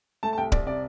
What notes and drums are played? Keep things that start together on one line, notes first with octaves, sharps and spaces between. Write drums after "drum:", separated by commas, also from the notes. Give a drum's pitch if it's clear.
A3 A5
A5
C2 G5
C2 D5, drum: kick D1
C3 D5